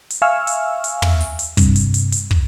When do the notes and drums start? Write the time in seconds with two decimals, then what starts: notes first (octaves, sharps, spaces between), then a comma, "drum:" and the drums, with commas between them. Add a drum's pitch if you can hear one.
0.10 drum: hi-hat
0.22 E5 F5 G#5 C#6 E6 F6
0.47 drum: hi-hat
0.84 drum: hi-hat
1.02 drum: tom
1.21 drum: open hi-hat
1.39 drum: hi-hat
1.57 G2 C3, drum: kick, hi-hat
1.76 drum: hi-hat
1.94 drum: hi-hat
2.12 drum: hi-hat
2.31 drum: kick